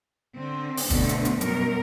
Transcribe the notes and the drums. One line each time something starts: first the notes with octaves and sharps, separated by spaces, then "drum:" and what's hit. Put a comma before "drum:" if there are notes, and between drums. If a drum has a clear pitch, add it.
D3 C4
drum: open hi-hat
B2 D3 A3 C4, drum: kick, hi-hat
drum: hi-hat
drum: hi-hat
F#2 B2 G3 A#4, drum: hi-hat